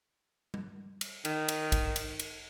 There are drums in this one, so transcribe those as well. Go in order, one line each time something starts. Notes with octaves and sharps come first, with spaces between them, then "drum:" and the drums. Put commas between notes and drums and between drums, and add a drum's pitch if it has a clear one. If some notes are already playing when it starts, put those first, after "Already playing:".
drum: tom G3
drum: cymbal
D#3, drum: cymbal
drum: cymbal
drum: kick, cymbal
drum: cymbal
drum: cymbal